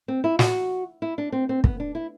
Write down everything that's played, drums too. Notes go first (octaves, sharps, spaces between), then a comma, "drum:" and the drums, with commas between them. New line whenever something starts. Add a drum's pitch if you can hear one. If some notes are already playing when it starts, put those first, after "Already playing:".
C4
E4
F#4, drum: snare
E4
D4
C4
C4
B3, drum: kick
D4
E4